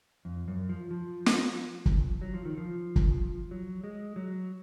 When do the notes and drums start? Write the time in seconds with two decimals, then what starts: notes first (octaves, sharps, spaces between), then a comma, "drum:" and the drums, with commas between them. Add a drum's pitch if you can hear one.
0.25 F2
0.48 F#2
0.69 F3
0.91 F3
1.26 drum: snare
1.86 drum: kick
2.21 F#3
2.34 F3
2.45 D#3
2.57 F3
2.96 drum: kick
3.51 F#3
3.84 G#3
4.16 F#3